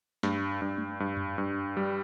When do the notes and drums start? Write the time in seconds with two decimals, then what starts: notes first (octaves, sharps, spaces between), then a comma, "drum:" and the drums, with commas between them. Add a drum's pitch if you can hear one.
0.23 G2, drum: snare
0.62 G2
0.78 drum: tom G#3
1.00 G2
1.17 drum: tom F2
1.38 G2
1.77 G3